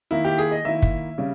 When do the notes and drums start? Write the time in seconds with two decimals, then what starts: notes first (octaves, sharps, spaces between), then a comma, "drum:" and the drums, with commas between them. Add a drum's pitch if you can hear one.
0.11 D#3 A#3 E4
0.24 G4
0.38 G#4
0.51 D#5
0.65 D#3 A#3 E4 E5
0.82 drum: kick
1.18 C#3 G3 C#4